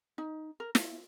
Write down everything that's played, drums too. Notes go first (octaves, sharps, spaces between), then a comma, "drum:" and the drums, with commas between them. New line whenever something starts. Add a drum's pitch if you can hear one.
D#4
A#4
E4, drum: snare